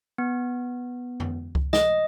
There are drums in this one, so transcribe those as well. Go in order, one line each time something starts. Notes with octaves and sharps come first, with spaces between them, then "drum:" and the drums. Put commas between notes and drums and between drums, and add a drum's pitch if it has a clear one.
B3
drum: tom F2
drum: kick C#2
D#5, drum: snare